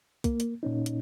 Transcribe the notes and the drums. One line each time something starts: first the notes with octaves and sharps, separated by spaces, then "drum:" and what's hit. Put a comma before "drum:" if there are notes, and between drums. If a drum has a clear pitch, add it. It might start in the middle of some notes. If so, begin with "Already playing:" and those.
A#3, drum: kick, hi-hat
drum: hi-hat
A#2 C#4 D#4
drum: hi-hat